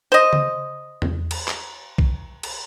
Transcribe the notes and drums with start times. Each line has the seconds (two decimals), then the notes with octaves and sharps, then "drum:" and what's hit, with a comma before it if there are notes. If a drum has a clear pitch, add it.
0.12 C5 D#5
0.33 drum: tom C#3
1.02 drum: tom E2
1.31 drum: cymbal
1.48 drum: clap
1.98 drum: kick A#1
2.43 drum: cymbal